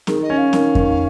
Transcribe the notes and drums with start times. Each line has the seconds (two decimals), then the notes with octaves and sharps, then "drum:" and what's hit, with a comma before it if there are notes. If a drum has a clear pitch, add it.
0.07 D#3 G#4, drum: snare C4
0.22 D#5
0.30 C#4
0.38 F5
0.53 D#3, drum: snare C4
0.75 D#3, drum: kick F2